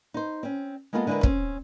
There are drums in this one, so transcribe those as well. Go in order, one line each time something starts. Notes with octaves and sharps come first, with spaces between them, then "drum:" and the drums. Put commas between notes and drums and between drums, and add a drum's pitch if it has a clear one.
D#4 C5
C4 C#4
G#3 A#3 B3 F4 G#4 A4
D3 G#3 E4 A#4 B4
C4 C#4, drum: kick